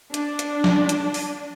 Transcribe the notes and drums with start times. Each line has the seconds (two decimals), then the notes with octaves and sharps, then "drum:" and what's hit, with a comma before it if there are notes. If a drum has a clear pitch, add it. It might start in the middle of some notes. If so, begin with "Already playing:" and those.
0.14 D4, drum: hi-hat
0.39 drum: hi-hat
0.64 drum: snare F3
0.89 drum: hi-hat
1.14 drum: open hi-hat